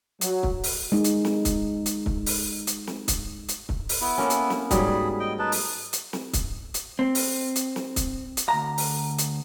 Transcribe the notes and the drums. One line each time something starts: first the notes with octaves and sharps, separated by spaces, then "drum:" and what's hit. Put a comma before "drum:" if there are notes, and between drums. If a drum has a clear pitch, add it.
F#3, drum: hi-hat
drum: kick
drum: open hi-hat
G#3 D#4
drum: hi-hat
drum: snare
drum: kick, hi-hat
drum: hi-hat
drum: kick
drum: open hi-hat
drum: hi-hat
drum: snare
drum: kick, hi-hat
drum: hi-hat
drum: kick
drum: open hi-hat
B3 E4
A3 A#3 C#4
drum: hi-hat
drum: snare
G#2 F#3 G3 G#4 B5, drum: kick, hi-hat
D#5 G5
D#4 B4 A5
drum: open hi-hat
drum: hi-hat
drum: snare
drum: kick, hi-hat
drum: hi-hat
C4
drum: open hi-hat
drum: hi-hat
drum: snare
drum: kick, hi-hat
drum: hi-hat
D2 A#5
drum: open hi-hat
drum: hi-hat